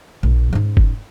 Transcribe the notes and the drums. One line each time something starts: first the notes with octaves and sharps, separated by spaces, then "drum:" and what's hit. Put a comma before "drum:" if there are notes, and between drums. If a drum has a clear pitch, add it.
A#1
G#2 C#4
drum: kick